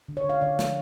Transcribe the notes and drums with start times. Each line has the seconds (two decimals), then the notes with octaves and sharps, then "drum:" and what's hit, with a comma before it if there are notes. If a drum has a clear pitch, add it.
0.08 D3
0.17 C#5
0.24 D3
0.29 F5
0.41 D3 D5
0.59 F3, drum: snare